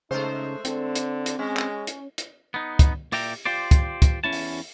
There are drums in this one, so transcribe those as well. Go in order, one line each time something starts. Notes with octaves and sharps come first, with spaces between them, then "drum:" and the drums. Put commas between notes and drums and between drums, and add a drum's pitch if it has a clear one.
C#3 G#3 A3 D#4 C5
D3 C4, drum: hi-hat
drum: hi-hat
drum: hi-hat
G#3 C#4
drum: clap
drum: hi-hat
drum: hi-hat
B3 D#4
drum: kick, hi-hat
A#2 D5 E5 G5 A#5, drum: open hi-hat
F4 G4 C5 D5
drum: kick, hi-hat
drum: kick, hi-hat
E2 C#4 E4 A5
drum: open hi-hat